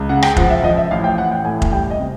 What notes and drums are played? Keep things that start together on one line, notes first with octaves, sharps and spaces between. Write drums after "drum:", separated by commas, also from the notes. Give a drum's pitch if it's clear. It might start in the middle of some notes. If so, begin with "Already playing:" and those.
Already playing: C#2
C#3 F#5
G5, drum: rim click
F3 F#5, drum: kick F1
E5
F3 D#5
E5
A1 F5
G5
A1 F#5
G5
A2 G#5
drum: kick F1
G3 G5
D#5
C3